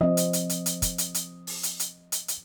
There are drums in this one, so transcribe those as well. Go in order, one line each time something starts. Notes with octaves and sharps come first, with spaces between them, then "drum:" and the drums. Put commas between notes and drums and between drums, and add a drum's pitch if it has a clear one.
F3 C4 D#5
drum: hi-hat
drum: hi-hat
drum: hi-hat
drum: hi-hat
drum: kick, hi-hat
drum: hi-hat
drum: hi-hat
drum: open hi-hat
drum: hi-hat
drum: hi-hat
drum: hi-hat
drum: hi-hat